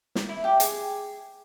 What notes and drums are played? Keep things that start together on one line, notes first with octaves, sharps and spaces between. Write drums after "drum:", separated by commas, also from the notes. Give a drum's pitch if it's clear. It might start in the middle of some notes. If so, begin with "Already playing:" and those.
drum: snare
E4
G4
G#4, drum: hi-hat